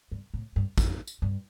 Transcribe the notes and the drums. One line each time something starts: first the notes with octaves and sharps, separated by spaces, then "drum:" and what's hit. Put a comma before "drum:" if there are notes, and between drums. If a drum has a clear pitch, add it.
G2
A2
G2
F2, drum: kick, tambourine
drum: tambourine
G2